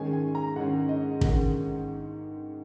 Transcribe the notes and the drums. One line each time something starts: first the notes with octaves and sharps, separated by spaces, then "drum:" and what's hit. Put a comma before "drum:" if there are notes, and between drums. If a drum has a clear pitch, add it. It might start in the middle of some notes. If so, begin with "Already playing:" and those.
Already playing: G#2 D#3 G#3 C#4 G#5
G#5
A#5
G#2 D#3 G#3 C#4 F#5
D#5
G#2 D#3 G#3 C#4 F#5, drum: kick